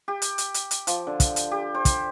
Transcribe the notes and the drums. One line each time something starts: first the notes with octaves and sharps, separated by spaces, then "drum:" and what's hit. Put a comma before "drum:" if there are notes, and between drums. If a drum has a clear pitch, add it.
G4
drum: hi-hat
drum: hi-hat
drum: hi-hat
drum: hi-hat
F3, drum: hi-hat
D3
drum: kick, hi-hat
drum: hi-hat
G4
C5
drum: kick, hi-hat